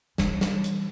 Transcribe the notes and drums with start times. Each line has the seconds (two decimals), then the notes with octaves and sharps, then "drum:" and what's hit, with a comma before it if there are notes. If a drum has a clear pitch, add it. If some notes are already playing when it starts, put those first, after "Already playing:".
0.18 E3 G3, drum: snare
0.41 drum: snare
0.64 drum: hi-hat